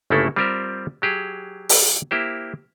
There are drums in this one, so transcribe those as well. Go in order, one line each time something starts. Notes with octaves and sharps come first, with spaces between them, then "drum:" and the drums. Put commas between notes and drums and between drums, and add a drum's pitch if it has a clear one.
G1 C#3 A3 A#3 E4 A4
G3 C4 F4 G4 A#4 C5
F#3 G4 G#4
drum: open hi-hat
A#3 E4 G4 C5